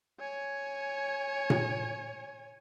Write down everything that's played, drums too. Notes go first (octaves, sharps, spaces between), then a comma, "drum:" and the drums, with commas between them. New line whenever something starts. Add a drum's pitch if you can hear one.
C#5 G#5
drum: tom A#2